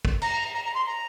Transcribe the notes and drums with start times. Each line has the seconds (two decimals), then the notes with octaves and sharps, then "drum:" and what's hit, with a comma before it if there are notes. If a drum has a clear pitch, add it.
0.05 drum: kick
0.22 A#5, drum: cymbal
0.54 A#5
0.65 A#5
0.74 C6
0.86 A#5